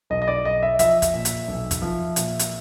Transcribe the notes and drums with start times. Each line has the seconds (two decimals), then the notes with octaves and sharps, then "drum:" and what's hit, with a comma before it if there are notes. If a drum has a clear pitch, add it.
0.10 B1 D#5
0.22 D#5
0.28 D5
0.44 B1 D#5
0.63 E5
0.79 F3 E5, drum: hi-hat
1.02 drum: kick, hi-hat
1.13 A#2
1.25 drum: hi-hat
1.48 B1
1.71 drum: kick, hi-hat
1.82 F3
2.16 A#2, drum: hi-hat
2.39 drum: hi-hat